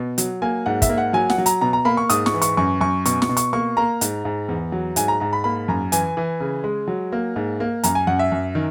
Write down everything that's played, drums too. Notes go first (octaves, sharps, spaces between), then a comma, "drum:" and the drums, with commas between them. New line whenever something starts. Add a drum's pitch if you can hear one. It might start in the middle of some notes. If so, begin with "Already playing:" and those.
Already playing: B2
F#3, drum: hi-hat
A#3 G#5
G#2 F#5
E5, drum: kick, hi-hat
A#3
F#5
F#3 G#5
F#5, drum: snare
F#3
A#5, drum: hi-hat
B2 A#5
A#5
A#3 B5
C#6
G#2 D#6, drum: hi-hat
C#6, drum: snare
E3
C#6, drum: hi-hat
F#2 C#6
F#2 C#6
B2 C#6, drum: hi-hat
C#6, drum: snare
B2
C#6, drum: hi-hat
A#3 C#6
A#3 A#5
G#2, drum: hi-hat
G#2
E2
F#3
G#2 G#5, drum: hi-hat
A#5
G#2 A#5
B5
A#3 B5
F#2 A#5
E3 G#5, drum: hi-hat
E3
C#3
G#3
F#3
A#3
G#2
A#3
F#2 A#5, drum: hi-hat
G#5
F#2 F#5
E5
F#2
D#3